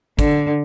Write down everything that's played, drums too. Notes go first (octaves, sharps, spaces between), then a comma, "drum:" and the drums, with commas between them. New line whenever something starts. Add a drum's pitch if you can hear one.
D3, drum: kick, hi-hat